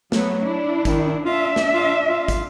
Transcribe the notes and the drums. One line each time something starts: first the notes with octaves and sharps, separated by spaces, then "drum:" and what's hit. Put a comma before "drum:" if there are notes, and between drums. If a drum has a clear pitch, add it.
F#3 A3 B3, drum: snare
D4 E4
D#3, drum: kick, tambourine
D4 F4 E5
drum: snare
F4
F4
drum: kick, tambourine